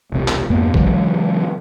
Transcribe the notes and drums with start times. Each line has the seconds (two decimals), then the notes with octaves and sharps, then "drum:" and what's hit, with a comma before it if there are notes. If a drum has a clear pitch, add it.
0.12 E1 C2 C3
0.28 drum: clap
0.50 F2 G#2 A#3 B3
0.74 C#3 E3 F#3 G#3, drum: kick